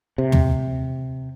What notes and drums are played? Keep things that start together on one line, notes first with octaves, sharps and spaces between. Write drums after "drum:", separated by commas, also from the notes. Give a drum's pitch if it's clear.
C3
drum: tom